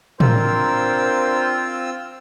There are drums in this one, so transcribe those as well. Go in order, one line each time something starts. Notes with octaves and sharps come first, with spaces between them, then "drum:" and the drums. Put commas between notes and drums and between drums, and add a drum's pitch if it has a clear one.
C4 D4 F4 A#4 C5 E6, drum: tom